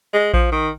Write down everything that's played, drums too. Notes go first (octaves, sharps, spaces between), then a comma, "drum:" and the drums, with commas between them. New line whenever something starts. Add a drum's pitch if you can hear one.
G#3
F3, drum: kick A#1
D#3